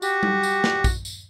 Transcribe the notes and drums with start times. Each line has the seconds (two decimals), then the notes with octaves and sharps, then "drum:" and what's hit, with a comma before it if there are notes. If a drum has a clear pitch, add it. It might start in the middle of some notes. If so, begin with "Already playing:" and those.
0.02 F#4 G4, drum: tambourine
0.23 drum: tom G3
0.43 drum: tambourine
0.64 drum: snare
0.84 drum: kick, tambourine
1.05 drum: tambourine